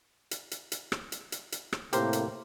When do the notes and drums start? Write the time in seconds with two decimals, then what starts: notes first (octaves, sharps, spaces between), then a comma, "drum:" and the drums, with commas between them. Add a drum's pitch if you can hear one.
0.31 drum: hi-hat
0.51 drum: hi-hat
0.72 drum: hi-hat
0.92 drum: rim click
1.12 drum: hi-hat
1.32 drum: hi-hat
1.52 drum: hi-hat
1.73 drum: rim click
1.93 A2 C3 A#3 G4 A#4 C5, drum: hi-hat
2.13 drum: hi-hat